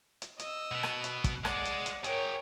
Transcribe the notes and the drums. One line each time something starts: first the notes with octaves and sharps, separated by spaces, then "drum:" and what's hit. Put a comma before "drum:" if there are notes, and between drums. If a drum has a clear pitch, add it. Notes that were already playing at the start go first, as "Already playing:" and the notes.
drum: hi-hat
D#5 E6, drum: hi-hat
B2 B3
drum: rim click
drum: hi-hat
drum: kick, hi-hat
G#3 D5 F#5, drum: rim click
drum: hi-hat
drum: hi-hat
G#4 A#4 C#5 G5, drum: hi-hat